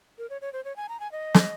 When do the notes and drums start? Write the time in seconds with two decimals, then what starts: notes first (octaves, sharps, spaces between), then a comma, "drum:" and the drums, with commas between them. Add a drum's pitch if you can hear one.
0.18 A#4
0.30 C#5
0.41 C#5
0.53 C5
0.65 C#5
0.76 G#5
0.89 A#5
1.00 G#5
1.12 D#5
1.34 drum: snare